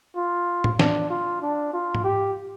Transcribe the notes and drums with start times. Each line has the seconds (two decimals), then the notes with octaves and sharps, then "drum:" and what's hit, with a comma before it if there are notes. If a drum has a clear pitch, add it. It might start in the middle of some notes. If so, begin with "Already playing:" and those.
0.16 F4
0.64 drum: tom A2
0.79 D4, drum: snare
1.10 F4
1.42 D4
1.73 F4
1.95 drum: tom G#2
2.04 G4